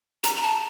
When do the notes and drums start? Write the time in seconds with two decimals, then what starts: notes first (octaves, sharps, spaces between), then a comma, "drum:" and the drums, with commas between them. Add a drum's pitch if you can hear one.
0.24 A#5, drum: hi-hat
0.36 A#5
0.42 A5